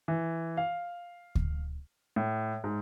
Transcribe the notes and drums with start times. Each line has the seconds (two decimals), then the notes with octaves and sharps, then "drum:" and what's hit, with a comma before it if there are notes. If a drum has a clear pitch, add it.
0.08 E3
0.57 F5
1.35 drum: kick D2
2.16 A2
2.64 G#2